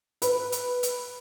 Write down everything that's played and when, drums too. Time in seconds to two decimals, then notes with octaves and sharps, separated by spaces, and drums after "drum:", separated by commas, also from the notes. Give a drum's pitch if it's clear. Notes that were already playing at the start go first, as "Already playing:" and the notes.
0.22 B4, drum: hi-hat
0.52 drum: hi-hat
0.83 drum: hi-hat